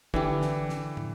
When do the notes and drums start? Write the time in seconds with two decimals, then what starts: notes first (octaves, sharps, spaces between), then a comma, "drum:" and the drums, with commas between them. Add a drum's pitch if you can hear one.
0.14 D3 E3 E4 G4, drum: kick
0.42 drum: snare
0.69 drum: snare
0.97 drum: tom